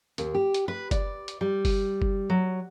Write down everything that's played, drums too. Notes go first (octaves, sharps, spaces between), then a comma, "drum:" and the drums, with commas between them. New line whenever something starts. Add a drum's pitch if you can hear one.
D#2, drum: hi-hat
G4
drum: hi-hat
B4
D5, drum: kick F#1, hi-hat
drum: hi-hat
G3
drum: kick F#1, open hi-hat
drum: kick F#1
F#3